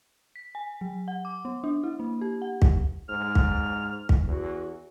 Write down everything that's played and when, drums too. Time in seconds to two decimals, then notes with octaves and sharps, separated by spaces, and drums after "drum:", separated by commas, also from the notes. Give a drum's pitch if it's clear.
0.36 B6
0.55 G#5
0.81 F#3
1.08 F#5
1.25 D6
1.45 B3
1.64 D4
1.84 E4
2.00 A#3
2.21 G4
2.42 F#5
2.62 drum: kick
3.09 G#2 F6
3.35 drum: kick
4.09 drum: kick
4.28 E2 F#4